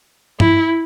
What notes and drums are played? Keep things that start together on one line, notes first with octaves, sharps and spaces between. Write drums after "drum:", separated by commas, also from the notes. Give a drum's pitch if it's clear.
E4, drum: tom G2